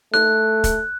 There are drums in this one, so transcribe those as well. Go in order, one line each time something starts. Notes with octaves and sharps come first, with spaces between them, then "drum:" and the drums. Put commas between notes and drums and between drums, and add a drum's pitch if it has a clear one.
A3 F#6, drum: snare D#4
drum: kick, hi-hat